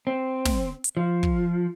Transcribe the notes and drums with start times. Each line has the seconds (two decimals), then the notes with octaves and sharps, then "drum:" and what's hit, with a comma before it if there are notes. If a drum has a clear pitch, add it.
0.07 C4
0.45 drum: snare
0.84 drum: hi-hat
0.97 F3
1.23 drum: kick